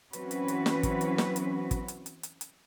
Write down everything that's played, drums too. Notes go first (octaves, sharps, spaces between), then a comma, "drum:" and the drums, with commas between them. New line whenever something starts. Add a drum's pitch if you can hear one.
E3 F#3 C4 C#4 F#4 B4, drum: hi-hat
drum: hi-hat
drum: hi-hat
drum: snare
drum: kick, hi-hat
drum: hi-hat
drum: snare
drum: hi-hat
drum: kick, hi-hat
drum: hi-hat
drum: hi-hat
drum: hi-hat
drum: hi-hat